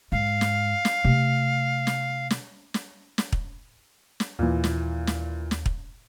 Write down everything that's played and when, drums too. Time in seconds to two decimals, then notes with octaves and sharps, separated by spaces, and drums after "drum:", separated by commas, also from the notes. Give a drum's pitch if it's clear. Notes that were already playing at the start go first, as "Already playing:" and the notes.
0.12 G#2 F5
0.41 drum: snare
0.85 drum: snare
1.05 C3 A3
1.87 drum: snare
2.30 drum: snare
2.74 drum: snare
3.18 drum: snare
3.32 drum: kick
4.20 drum: snare
4.39 D#2 A#2 E3
4.64 drum: snare
5.07 drum: snare
5.51 drum: snare
5.66 drum: kick